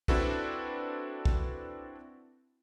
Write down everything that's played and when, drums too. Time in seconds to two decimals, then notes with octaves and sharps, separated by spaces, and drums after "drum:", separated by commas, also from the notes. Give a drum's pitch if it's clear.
0.08 C4 D4 E4 F#4 A4 B4, drum: kick
1.25 drum: kick